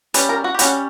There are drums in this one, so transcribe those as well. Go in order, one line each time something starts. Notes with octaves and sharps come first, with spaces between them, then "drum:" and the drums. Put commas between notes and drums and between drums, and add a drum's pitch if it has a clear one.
G3 C#4 B4, drum: hi-hat
A#4
F#4
G4
G3 C#4 F#4, drum: hi-hat